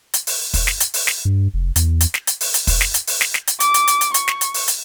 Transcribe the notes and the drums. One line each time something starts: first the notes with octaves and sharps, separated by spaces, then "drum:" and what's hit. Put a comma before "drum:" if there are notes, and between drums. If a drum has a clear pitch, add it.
drum: hi-hat
drum: open hi-hat
drum: kick, open hi-hat
drum: snare
drum: hi-hat
drum: open hi-hat
drum: snare
G2
F1
E2, drum: hi-hat
drum: hi-hat
drum: snare
drum: hi-hat
drum: open hi-hat
drum: hi-hat
drum: kick, open hi-hat
drum: snare
drum: hi-hat
drum: open hi-hat
drum: snare
drum: snare
drum: hi-hat
D6, drum: hi-hat
drum: hi-hat
drum: hi-hat
drum: hi-hat
C#6, drum: hi-hat
drum: snare
drum: hi-hat
drum: open hi-hat
drum: hi-hat